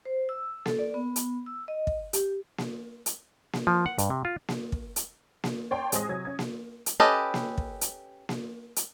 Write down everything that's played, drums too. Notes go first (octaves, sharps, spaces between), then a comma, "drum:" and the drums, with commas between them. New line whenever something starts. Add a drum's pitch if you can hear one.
C5
E6
A4, drum: snare A#3
D5
B3
drum: hi-hat
E6
D#5
drum: kick
G4, drum: hi-hat
drum: snare A#3
drum: hi-hat
drum: snare A#3
F3
F#5
G2, drum: hi-hat
C3
F4
drum: snare A#3
drum: kick
drum: hi-hat
drum: snare A#3
C#5 D5 G5 A5 C6
A1 G#3 C4 G#5 D#6 A#6, drum: hi-hat
C3 F#3 G#6
C#4 G#6
drum: snare A#3
drum: hi-hat
C#4 G4 A4 B4 D#5
drum: snare A#3
drum: kick
drum: hi-hat
drum: snare A#3
drum: hi-hat